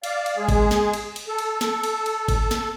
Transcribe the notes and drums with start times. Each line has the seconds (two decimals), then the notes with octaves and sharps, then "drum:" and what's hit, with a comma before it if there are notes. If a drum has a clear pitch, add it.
0.04 D5 F5, drum: cymbal
0.26 drum: cymbal
0.36 G#3 G#4
0.49 drum: kick G#1, cymbal
0.71 drum: snare
0.94 drum: cymbal
1.16 drum: cymbal
1.28 A4
1.38 drum: cymbal
1.61 drum: snare
1.83 drum: cymbal
2.06 drum: cymbal
2.28 drum: kick G#1, cymbal
2.51 drum: snare